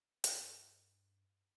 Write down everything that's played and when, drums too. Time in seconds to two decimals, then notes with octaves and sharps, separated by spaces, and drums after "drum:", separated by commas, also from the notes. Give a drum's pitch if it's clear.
0.24 G2, drum: hi-hat